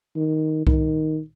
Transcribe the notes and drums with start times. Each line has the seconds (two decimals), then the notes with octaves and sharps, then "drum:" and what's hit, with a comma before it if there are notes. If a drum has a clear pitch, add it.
0.16 D#3
0.67 D#3, drum: kick C2